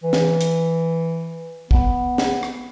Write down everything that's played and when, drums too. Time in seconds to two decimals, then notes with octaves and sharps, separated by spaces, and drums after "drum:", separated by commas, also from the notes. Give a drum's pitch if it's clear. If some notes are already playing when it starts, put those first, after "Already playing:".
0.04 E3
0.13 drum: snare
0.41 drum: hi-hat
1.71 B3, drum: kick
2.18 drum: snare
2.43 drum: rim click